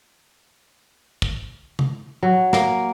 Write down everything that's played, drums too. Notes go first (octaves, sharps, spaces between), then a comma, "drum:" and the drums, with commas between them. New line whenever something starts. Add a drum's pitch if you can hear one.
drum: kick
drum: tom
F#3
A#3, drum: snare